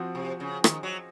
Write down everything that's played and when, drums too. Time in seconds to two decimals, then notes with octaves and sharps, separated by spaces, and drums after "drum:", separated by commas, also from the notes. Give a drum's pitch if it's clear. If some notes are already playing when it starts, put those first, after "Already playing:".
Already playing: F3 C4 F#4
0.15 C3
0.40 C#3
0.64 D#3, drum: rim click
0.83 F#3